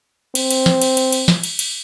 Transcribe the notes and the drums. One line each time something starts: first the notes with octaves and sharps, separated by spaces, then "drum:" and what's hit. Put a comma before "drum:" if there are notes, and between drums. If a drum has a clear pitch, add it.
C4, drum: cymbal
drum: cymbal
drum: snare
drum: cymbal
drum: cymbal
drum: cymbal
drum: snare
drum: cymbal
drum: cymbal